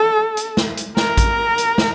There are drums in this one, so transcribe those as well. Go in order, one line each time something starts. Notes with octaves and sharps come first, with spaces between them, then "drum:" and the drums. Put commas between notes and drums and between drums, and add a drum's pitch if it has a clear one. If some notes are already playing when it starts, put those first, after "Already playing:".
Already playing: A4
drum: hi-hat
drum: snare
drum: hi-hat
A#4, drum: snare
drum: kick A1, hi-hat
drum: hi-hat
drum: snare